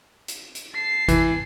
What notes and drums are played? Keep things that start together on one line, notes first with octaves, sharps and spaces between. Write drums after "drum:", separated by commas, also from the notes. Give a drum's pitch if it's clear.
drum: hi-hat
drum: hi-hat
A5 C7
E3, drum: kick G#1, hi-hat